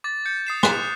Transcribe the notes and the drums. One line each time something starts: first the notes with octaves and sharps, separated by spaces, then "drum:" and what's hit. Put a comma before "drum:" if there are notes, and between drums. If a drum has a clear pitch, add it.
D6 A6
G6 C#7
D#6 C7 E7
D6 F#6 E7, drum: rim click